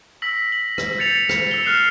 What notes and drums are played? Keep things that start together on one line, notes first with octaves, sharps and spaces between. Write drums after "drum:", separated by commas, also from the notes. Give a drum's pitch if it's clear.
E6 A#6 B6 F#7
F#7
drum: rim click
G6 A6 C#7 F7
drum: rim click
E6 C#7 G7
F6 F#6 C7 E7